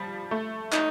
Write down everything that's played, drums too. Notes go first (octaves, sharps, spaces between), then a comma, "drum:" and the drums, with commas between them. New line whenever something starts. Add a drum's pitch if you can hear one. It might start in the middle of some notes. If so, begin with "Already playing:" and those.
Already playing: F3 G3
A3
D#4, drum: clap